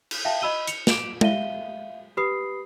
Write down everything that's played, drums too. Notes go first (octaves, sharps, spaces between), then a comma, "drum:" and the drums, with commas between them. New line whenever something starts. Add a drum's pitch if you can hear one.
drum: cymbal
E5 F5 G5 A5
D#5 B5 E6 D#7 G7
C#7 F7, drum: hi-hat
D6 D7 E7 F7, drum: snare
E5 F5 D#7 G7, drum: tom G#3
G4 B4 B5 D#6 C7